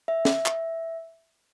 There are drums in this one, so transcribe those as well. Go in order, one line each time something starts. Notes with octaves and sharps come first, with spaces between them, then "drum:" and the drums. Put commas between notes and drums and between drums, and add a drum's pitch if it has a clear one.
E5
drum: snare
drum: clap